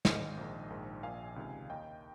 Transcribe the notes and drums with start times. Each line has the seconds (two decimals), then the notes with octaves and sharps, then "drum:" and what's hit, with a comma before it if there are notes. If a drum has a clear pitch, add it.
0.05 G#1 G#2 D#3 C5 D#5, drum: snare
0.37 A#1 G#2 D#3
0.70 A#1 G#2 D#3
1.03 A#1 A#2 F5 G#5
1.36 C#2 C3 D#3
1.70 D#2 D#3 D#5 G5